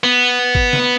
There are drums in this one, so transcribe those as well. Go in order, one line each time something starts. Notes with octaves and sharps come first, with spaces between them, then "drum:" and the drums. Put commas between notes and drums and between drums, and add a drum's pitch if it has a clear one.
B3
drum: kick
drum: snare